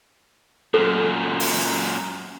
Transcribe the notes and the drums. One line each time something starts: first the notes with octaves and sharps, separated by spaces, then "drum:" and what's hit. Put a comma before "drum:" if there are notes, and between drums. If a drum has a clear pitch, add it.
F#2 A#2 A4
drum: open hi-hat